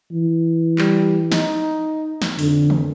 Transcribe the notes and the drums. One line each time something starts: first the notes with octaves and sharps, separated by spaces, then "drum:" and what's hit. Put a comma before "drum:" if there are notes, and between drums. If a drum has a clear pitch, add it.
E3
G3, drum: clap
D#4, drum: snare
drum: snare
F2 D3, drum: open hi-hat
drum: tom D#3